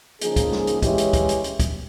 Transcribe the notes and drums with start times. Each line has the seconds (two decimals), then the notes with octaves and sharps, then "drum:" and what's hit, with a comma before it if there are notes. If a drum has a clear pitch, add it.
0.21 C#3 F3 A#3 D#4 G#4, drum: hi-hat
0.36 drum: kick, hi-hat
0.52 drum: snare
0.67 drum: hi-hat
0.82 E3 G#3 C#4 E4 G4, drum: kick, hi-hat
0.98 drum: hi-hat
1.13 drum: kick, hi-hat
1.29 drum: hi-hat
1.44 drum: hi-hat
1.60 drum: kick, hi-hat